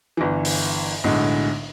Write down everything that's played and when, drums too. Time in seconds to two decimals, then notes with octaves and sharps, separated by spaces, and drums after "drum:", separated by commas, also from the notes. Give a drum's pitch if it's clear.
0.17 G1 E3
0.45 drum: open hi-hat
1.04 B1 A2 D3 G#3